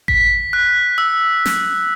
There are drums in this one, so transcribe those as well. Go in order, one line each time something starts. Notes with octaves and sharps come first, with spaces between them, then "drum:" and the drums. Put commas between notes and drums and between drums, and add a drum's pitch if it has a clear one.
B6, drum: kick G#1
F#6
E6
drum: snare